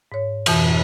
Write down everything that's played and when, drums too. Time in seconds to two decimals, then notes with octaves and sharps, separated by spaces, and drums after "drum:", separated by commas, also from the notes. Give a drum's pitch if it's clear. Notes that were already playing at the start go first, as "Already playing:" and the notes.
0.12 G#2 C#5
0.46 F2 B2 E3 F#4, drum: cymbal